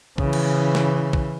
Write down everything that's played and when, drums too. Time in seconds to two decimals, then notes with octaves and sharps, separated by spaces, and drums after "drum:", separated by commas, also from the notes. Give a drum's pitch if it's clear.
0.18 C#3 E3, drum: kick
0.33 drum: cymbal
0.75 drum: snare
1.13 drum: kick